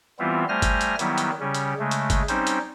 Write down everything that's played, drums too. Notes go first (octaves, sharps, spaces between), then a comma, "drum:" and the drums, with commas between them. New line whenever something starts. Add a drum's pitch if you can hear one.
E3 G3 B3 C4 E4 F4
G3 A3 C5 G#5 F6 A#6
drum: kick, hi-hat
drum: hi-hat
D#3 F#3 G3 B3 E4, drum: hi-hat
drum: hi-hat
C#3 G3 C#4
drum: hi-hat
C#3 G#3 A3
drum: hi-hat
drum: kick, hi-hat
G3 C4 C#4 D#4 C5, drum: hi-hat
drum: hi-hat